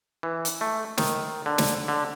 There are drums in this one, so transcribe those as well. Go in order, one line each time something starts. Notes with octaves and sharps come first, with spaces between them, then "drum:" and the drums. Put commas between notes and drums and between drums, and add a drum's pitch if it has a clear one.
E3
drum: hi-hat
A3
D#3, drum: snare
D3
drum: snare
D3